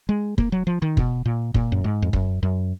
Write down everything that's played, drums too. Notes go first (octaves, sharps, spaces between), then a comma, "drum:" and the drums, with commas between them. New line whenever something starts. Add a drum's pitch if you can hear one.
G#3
A#3, drum: kick
F#3
F3
D#3
B2, drum: kick
A#2
A#2, drum: kick
F#2
G#2
F2
F#2, drum: kick
F#2